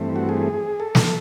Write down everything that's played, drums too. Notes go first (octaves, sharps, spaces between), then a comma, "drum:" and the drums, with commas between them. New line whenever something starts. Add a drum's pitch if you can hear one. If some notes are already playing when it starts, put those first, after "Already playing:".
Already playing: G2 E3 A3 C4
F#4
G#4
A4
drum: snare